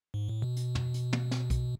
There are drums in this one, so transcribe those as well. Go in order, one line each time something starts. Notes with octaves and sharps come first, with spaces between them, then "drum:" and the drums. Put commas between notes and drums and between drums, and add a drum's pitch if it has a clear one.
G#2
A2
B2
drum: hi-hat
drum: tom
drum: hi-hat
drum: tom
drum: snare
drum: kick B1, hi-hat